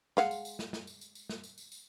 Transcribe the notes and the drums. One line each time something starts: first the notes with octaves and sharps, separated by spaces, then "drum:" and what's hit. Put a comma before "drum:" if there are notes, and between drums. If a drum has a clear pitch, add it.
G#3 F5 F#5, drum: snare
drum: tambourine
drum: tambourine
drum: snare
drum: snare
drum: tambourine
drum: tambourine
drum: tambourine
drum: snare
drum: tambourine
drum: tambourine
drum: tambourine